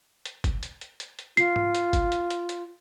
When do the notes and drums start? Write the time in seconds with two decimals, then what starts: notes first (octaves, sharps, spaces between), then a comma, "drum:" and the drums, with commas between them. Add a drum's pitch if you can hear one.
0.25 drum: hi-hat
0.44 drum: kick, hi-hat
0.63 drum: hi-hat
0.81 drum: hi-hat
1.00 drum: hi-hat
1.19 drum: hi-hat
1.37 F4 C7, drum: hi-hat
1.56 drum: tom G#2
1.75 drum: hi-hat
1.93 drum: kick, hi-hat
2.12 drum: hi-hat
2.30 drum: hi-hat
2.49 drum: hi-hat